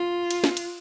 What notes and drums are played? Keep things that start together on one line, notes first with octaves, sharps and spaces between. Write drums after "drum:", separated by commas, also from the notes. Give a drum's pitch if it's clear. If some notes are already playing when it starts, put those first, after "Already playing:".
Already playing: F4
drum: cymbal
drum: snare
drum: cymbal